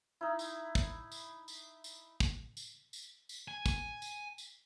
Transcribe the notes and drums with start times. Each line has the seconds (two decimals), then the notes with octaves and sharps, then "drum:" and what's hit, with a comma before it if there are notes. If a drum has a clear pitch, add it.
0.21 D#4 E4
0.39 drum: tambourine
0.75 drum: kick, tambourine
1.12 drum: tambourine
1.48 drum: tambourine
1.84 drum: tambourine
2.20 drum: kick, tambourine
2.57 drum: tambourine
2.93 drum: tambourine
3.29 drum: tambourine
3.48 G#5
3.66 drum: kick, tambourine
4.02 drum: tambourine
4.38 drum: tambourine